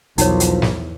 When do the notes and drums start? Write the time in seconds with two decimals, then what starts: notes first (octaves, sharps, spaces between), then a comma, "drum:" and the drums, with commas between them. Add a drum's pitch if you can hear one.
0.18 B1 E2 F3 D#4 A#4 C#5, drum: hi-hat
0.40 drum: hi-hat
0.62 drum: snare